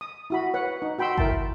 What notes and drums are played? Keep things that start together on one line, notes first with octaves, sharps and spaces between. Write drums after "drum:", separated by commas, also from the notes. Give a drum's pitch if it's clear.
D#6
E4 F#4 B5
B4 C#5 F#5
D#4
F#4 G5 B5 C6 E6
E4 A#4 E5 G5 A5, drum: kick G#1